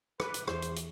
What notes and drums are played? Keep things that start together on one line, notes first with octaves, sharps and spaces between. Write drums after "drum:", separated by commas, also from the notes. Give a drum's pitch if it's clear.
B4, drum: rim click
drum: hi-hat
E2 C5, drum: rim click
drum: hi-hat
drum: hi-hat